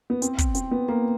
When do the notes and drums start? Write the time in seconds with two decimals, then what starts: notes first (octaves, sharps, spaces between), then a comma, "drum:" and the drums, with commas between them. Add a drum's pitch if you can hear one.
0.10 B3
0.22 C4, drum: hi-hat
0.38 drum: kick, hi-hat
0.55 C4, drum: hi-hat
0.71 B3
0.88 A#3